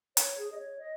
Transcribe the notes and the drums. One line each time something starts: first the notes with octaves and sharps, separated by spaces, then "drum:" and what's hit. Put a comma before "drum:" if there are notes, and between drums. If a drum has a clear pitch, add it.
C#5, drum: hi-hat
G#4
D#5
C#5
D#5